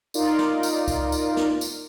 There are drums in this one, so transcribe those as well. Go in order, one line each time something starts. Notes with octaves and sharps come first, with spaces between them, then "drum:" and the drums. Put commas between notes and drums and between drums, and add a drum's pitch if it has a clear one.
D#4 F4 A#4 D5, drum: tambourine
drum: snare
drum: tambourine
drum: kick C2, tambourine
drum: tambourine
drum: snare
drum: tambourine